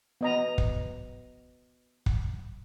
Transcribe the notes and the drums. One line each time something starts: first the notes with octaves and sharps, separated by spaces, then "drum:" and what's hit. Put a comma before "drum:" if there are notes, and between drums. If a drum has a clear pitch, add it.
B3 D#5 A#5
drum: kick
drum: kick